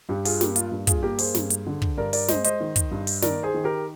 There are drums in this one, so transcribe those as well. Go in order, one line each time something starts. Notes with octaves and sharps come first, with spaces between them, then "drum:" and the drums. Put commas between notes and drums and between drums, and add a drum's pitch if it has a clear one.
G2 G4
F4 G#4, drum: open hi-hat
A#3 G4, drum: snare
F4, drum: hi-hat
G2
F4 G#4, drum: kick, hi-hat
A#3 G4 A#4
G#4 C5, drum: open hi-hat
G2, drum: snare
drum: hi-hat
D3
drum: kick
G2 A#4 D5
A#4 D5, drum: open hi-hat
G#3 C5 D#5, drum: snare
C5 D#5, drum: hi-hat
D#3
drum: kick, hi-hat
G2
drum: open hi-hat
D#3 A#4 D5, drum: snare
G#4 C5
D#3
G4 A#4